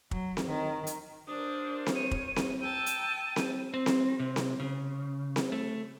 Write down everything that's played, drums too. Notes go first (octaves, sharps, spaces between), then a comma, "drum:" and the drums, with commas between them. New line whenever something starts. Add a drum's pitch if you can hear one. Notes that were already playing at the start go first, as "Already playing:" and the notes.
F#3, drum: kick
drum: snare C4
D#3
drum: hi-hat
G2 D4 A#4 C5 D#6
drum: snare C4
C#5 D#7
drum: kick
drum: snare C4
G5 A5 A#5 E6 D#7
drum: hi-hat
drum: snare C4
C4
drum: snare C4
C3
drum: snare C4
C#3
drum: snare C4
A3